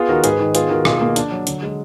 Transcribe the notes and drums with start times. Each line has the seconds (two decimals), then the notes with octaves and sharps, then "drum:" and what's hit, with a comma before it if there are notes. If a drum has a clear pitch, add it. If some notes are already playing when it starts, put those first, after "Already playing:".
Already playing: B3 F4 G#4
0.09 D#3 F#4 A#4
0.24 G#2 G#4 B4, drum: hi-hat
0.39 D#3
0.55 B3 F4 G#4, drum: hi-hat
0.70 D#3 F#4 A#4
0.85 B2 F4 G#4, drum: rim click
1.01 A#3
1.16 D4, drum: hi-hat
1.31 F#3
1.47 D3, drum: hi-hat
1.63 G#3